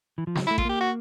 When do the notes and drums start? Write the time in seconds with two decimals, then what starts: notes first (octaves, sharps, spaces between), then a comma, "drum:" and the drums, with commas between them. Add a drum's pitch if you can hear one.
0.18 E3
0.27 F3
0.35 F#3, drum: snare
0.47 E4
0.51 A3
0.58 F4, drum: kick A1
0.65 A#3 G4
0.80 F#4